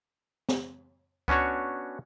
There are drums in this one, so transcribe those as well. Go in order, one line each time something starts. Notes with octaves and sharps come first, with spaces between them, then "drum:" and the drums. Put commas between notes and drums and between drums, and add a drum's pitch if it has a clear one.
drum: snare
B3 C#4 D4 F#4 C#5, drum: kick C#2